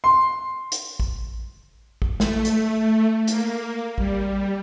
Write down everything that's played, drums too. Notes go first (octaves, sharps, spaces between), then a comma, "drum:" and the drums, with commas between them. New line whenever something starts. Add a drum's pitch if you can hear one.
C6
drum: hi-hat
drum: kick A1
drum: kick A1
A3, drum: snare
drum: hi-hat
A#3, drum: hi-hat
G3, drum: kick A1